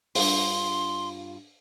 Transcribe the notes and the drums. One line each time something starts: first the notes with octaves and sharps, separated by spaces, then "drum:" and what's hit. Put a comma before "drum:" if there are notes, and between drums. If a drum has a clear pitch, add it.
G2 F4 C6, drum: open hi-hat